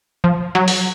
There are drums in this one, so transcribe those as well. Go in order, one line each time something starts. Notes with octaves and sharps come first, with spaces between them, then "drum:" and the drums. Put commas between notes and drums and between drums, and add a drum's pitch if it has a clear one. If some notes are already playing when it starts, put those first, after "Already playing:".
F3
F#3
drum: open hi-hat